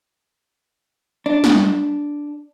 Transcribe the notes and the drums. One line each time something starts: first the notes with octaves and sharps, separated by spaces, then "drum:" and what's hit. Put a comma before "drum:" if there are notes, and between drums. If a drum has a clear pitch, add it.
D4
drum: snare